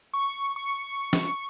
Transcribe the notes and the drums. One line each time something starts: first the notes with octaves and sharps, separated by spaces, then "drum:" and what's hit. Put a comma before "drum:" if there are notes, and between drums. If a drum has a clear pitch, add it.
C#6
C#6
drum: snare